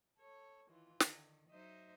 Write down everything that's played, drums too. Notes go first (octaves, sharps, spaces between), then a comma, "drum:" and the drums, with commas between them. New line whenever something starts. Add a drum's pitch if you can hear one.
A4 C#5
D#3 E3 F4
D3 D#3, drum: snare
F#3 D#4 C5 D#5 E5